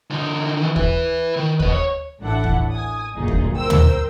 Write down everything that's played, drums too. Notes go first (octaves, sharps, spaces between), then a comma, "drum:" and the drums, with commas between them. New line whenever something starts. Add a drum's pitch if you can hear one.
D3 D#4
D#3 E3
B4 E5, drum: kick D#2
D#3
B4 D#5, drum: kick D#2
C#5
A1 A2 D4 E4 A4 F#5
drum: kick D#2
G#5 D#6
G1 D2 A#2 F#3 D#4 G#4
drum: kick D#2
A#4 C5 G5 E6
drum: tom